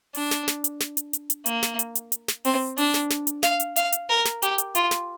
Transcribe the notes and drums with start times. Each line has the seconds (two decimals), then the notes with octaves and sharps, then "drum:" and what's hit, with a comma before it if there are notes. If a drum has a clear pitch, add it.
0.15 D4, drum: open hi-hat
0.31 drum: snare
0.48 drum: snare
0.64 drum: hi-hat
0.80 drum: snare
0.97 drum: hi-hat
1.13 drum: hi-hat
1.30 drum: hi-hat
1.46 A#3, drum: hi-hat
1.63 drum: snare
1.79 drum: hi-hat
1.95 drum: hi-hat
2.12 drum: hi-hat
2.28 drum: snare
2.45 C4, drum: open hi-hat
2.78 D4, drum: open hi-hat
2.94 drum: snare
3.10 drum: snare
3.27 drum: hi-hat
3.43 F5, drum: snare
3.60 drum: hi-hat
3.76 F5, drum: hi-hat
3.92 drum: hi-hat
4.09 A#4
4.25 drum: snare
4.42 G4, drum: hi-hat
4.58 drum: hi-hat
4.75 F4, drum: hi-hat
4.91 drum: snare